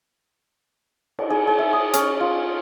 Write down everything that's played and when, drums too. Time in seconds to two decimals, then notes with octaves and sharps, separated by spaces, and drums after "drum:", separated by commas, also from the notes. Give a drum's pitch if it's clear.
1.19 drum: cymbal
1.30 G#4
1.47 G#4
1.59 E5
1.73 D#6
1.93 C#4, drum: hi-hat
2.20 F4